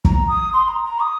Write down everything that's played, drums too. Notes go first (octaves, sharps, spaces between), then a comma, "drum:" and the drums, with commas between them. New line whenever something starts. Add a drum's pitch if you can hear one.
A#5, drum: kick
D#6
C6
A#5
A#5
D#6